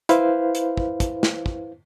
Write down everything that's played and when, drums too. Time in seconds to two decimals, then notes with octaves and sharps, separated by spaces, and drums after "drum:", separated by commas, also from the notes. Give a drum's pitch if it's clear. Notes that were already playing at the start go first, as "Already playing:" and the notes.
0.09 E4 B4 C5 F5, drum: hi-hat
0.55 drum: hi-hat
0.77 drum: kick
1.00 drum: kick, hi-hat
1.23 drum: snare
1.46 drum: kick